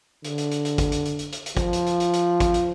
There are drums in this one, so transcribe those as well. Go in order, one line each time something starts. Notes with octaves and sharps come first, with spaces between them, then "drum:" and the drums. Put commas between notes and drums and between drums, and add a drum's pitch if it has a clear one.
D3, drum: hi-hat
drum: hi-hat
drum: hi-hat
drum: hi-hat
drum: kick, hi-hat
drum: hi-hat
drum: hi-hat
drum: hi-hat
drum: hi-hat
drum: hi-hat
F3, drum: kick, hi-hat
drum: hi-hat
drum: hi-hat
drum: hi-hat
drum: hi-hat
drum: kick, hi-hat
drum: hi-hat